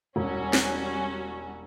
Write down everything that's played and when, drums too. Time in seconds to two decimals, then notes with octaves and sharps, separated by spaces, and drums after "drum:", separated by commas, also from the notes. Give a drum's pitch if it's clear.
0.16 E1 G3 C#4 F#4
0.53 drum: snare